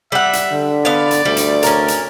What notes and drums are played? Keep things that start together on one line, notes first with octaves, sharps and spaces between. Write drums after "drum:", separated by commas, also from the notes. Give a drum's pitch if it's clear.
G3 E5 F#5
drum: hi-hat
D3
B3 D5 F5
drum: hi-hat
D2 G3
drum: hi-hat
C#4 A#4, drum: hi-hat
drum: hi-hat